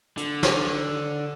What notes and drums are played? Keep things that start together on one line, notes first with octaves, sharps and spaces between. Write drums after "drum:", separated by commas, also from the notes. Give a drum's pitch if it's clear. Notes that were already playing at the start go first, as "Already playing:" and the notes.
D3, drum: hi-hat
drum: snare